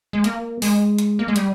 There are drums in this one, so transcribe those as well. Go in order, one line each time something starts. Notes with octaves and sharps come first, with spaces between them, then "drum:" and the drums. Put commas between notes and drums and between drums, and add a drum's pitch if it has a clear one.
G#3
A#3, drum: hi-hat
G#3, drum: open hi-hat
drum: hi-hat
A#3
G#3
G3, drum: hi-hat